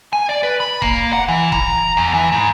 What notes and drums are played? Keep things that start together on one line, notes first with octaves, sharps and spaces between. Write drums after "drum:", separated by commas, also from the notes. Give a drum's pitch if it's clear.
G#5
D5
B4
B5
A#3, drum: kick E1
F#5
E3
A#5, drum: kick E1
E2
E3
G#2